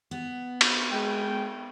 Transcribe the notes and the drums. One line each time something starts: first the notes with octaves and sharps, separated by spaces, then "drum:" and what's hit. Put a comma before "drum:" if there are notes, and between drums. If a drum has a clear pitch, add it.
B3
drum: cymbal
G#3 G5